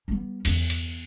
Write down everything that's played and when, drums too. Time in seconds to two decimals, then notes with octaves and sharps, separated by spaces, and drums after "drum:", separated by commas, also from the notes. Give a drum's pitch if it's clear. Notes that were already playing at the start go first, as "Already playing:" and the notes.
0.08 G3 B3
0.45 E2, drum: cymbal
0.70 drum: cymbal